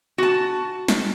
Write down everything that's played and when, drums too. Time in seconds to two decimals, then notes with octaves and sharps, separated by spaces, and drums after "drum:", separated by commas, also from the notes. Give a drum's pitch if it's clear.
0.18 F#4 A5
0.88 drum: snare